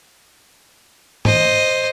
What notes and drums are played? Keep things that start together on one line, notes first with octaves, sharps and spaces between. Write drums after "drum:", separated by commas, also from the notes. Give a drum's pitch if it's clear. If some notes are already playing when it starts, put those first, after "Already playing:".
C5 D#5, drum: tom